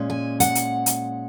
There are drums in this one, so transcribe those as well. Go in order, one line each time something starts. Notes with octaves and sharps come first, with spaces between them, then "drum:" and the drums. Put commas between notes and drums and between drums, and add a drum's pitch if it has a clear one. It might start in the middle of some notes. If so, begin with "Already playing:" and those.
Already playing: A#2 G#3 C#4
G#5
F#5, drum: hi-hat
drum: hi-hat
drum: hi-hat